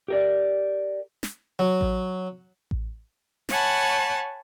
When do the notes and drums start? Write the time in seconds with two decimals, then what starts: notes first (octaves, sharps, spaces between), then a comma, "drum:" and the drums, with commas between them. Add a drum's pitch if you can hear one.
0.08 G4 A#4 D5
1.23 drum: snare
1.59 F#3
1.81 drum: kick A1
2.71 drum: kick A1
3.49 C#5 F#5 G#5 A5 B5, drum: snare